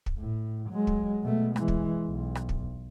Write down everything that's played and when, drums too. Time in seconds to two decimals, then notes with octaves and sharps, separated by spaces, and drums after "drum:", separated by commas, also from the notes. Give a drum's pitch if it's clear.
0.06 drum: kick
0.18 A2
0.70 F#3 G#3
0.87 drum: kick
1.23 B2 A3
1.56 E3 G#3, drum: rim click
1.68 drum: kick
2.08 B1
2.35 drum: rim click
2.49 drum: kick